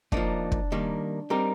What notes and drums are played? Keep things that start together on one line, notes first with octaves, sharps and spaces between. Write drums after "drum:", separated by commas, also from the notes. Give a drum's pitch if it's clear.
F3 A#3 D4 D#4, drum: kick
drum: kick
D#3 G3 A#3
G3 C4 D#4 G4 A#4